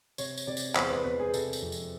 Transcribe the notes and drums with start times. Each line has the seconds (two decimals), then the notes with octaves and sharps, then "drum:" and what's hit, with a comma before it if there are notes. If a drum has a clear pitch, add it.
0.18 C3 C#5, drum: tambourine
0.38 drum: tambourine
0.47 C3 D5
0.57 drum: tambourine
0.76 E2 C5, drum: clap
0.90 B4
1.04 E2 B4
1.20 G#4
1.34 C3 A4, drum: tambourine
1.53 drum: tambourine
1.62 F2
1.72 drum: tambourine